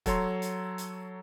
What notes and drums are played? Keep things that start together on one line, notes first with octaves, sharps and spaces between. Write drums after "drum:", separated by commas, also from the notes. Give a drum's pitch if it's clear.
F#3 A4 C#5 A#5 C6, drum: kick, hi-hat
drum: hi-hat
drum: hi-hat